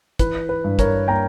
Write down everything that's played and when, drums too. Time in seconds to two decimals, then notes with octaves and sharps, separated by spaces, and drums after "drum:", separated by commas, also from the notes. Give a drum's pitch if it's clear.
0.19 E3 B4, drum: kick, hi-hat
0.49 B4
0.64 G2
0.79 A#4 C#5, drum: kick, hi-hat
1.08 A#3 G5 A#5